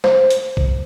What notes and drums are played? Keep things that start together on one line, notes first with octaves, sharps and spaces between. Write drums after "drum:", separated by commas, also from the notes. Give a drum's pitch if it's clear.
C5, drum: snare
drum: hi-hat
drum: kick B1